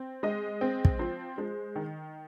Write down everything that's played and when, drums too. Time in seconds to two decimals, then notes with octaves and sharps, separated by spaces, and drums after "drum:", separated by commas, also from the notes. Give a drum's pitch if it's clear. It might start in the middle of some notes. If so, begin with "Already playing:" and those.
Already playing: C4
0.23 G#3 D#5
0.61 C4
0.85 drum: kick
0.99 F3 C5
1.38 G#3
1.76 D#3